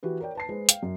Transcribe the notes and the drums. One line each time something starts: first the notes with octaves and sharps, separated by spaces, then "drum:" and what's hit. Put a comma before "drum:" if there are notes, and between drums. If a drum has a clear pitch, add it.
E3 F#4 G4 B4
A#4 C#5 D5 G5
B4 A5 C7
G#3 G#4 B4 C5
F5 G5, drum: hi-hat
F#2